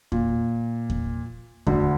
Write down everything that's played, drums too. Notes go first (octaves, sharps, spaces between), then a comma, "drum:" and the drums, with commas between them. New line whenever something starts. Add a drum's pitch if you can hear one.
A#2, drum: kick E2
drum: kick E2
D2 D3, drum: kick E2